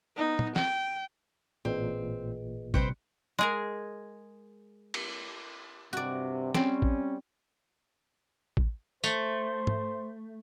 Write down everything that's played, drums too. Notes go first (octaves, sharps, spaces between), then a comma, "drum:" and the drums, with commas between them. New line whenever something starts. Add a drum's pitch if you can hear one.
B3 D#4
drum: tom
G5, drum: snare
A1 A#2 C4 G#4 B4 D#5
C3 G3 C4 B4 C5 F#6 C#7, drum: kick A1
G#3 G#4 A#4
drum: cymbal
G2 C3 F#4 D5
G3 C4 C#4, drum: snare
drum: kick A1
drum: kick A1
A3 C5, drum: tambourine
drum: tom G#2